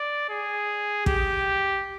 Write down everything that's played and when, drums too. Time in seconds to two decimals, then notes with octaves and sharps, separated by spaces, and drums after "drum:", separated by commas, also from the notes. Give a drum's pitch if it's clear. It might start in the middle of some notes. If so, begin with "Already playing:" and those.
Already playing: D5
0.30 G#4
1.06 G4, drum: kick